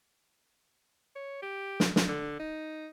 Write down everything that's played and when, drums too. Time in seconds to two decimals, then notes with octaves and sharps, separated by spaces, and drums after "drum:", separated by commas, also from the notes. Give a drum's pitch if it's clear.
1.16 C#5
1.42 G4
1.80 drum: snare
1.96 drum: snare
2.08 D3
2.40 D#4